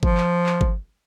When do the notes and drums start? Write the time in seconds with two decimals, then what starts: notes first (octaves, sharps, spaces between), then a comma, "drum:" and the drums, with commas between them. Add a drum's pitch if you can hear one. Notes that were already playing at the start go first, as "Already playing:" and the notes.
0.03 F3, drum: kick G1
0.17 drum: clap
0.46 drum: clap
0.61 drum: kick G1